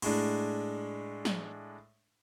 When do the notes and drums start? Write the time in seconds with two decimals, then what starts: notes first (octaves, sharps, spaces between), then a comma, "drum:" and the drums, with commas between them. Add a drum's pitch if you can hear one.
0.02 A2 G#3 D4, drum: cymbal
1.25 drum: snare